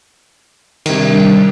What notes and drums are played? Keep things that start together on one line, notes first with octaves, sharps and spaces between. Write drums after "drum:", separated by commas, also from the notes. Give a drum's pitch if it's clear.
C3 D#3 G3 D4, drum: cymbal